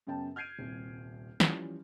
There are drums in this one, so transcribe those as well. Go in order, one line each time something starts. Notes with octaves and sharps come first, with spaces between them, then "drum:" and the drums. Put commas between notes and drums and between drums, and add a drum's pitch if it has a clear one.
F#2 C#3 B3 C#4 G5 A5
F6 G6 G#6 C7 D7 D#7
D#1 C2
E3 F3 G3 C#4, drum: snare